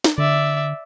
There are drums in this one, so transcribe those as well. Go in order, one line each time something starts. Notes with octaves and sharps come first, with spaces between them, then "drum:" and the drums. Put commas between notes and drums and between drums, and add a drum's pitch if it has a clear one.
drum: snare
D3 D5 E5